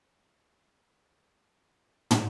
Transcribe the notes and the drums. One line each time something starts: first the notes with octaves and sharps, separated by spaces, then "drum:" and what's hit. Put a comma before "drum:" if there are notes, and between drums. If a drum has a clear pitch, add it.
F#4
D4
C#4
C4
A#3
B3
C#4
drum: tom